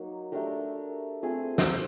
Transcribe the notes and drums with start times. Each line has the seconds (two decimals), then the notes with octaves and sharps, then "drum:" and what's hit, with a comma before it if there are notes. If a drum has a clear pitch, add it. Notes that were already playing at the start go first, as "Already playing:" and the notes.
Already playing: F#3 A#3 D#4
0.32 A3 D4 G4 A#4
1.22 A3 C4 F4 G#4
1.58 drum: snare